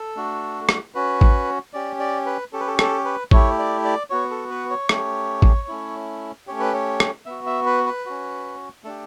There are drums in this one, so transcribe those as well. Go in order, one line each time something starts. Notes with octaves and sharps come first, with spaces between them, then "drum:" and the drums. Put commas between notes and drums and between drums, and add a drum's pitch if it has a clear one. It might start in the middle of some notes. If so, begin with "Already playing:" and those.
Already playing: A4
A3 D4 F#4
drum: rim click
C#4 F#4 B4
drum: kick
C#4 G4 D5
D5
B4
C#4 G4 A4
B4
A4
A4, drum: rim click
B4
A3 E4 G4 C#5, drum: kick
D5
D5
B3 F#4 C#5
A4
B4
C#5
A3 C#4 G4, drum: rim click
drum: kick
A3 C#4 E4
A3 C#4 G4 C#5
B4
C#5
drum: rim click
B3 F#4 E5
E5
B4
B4
C#4 F#4
A3 D4 G4 A4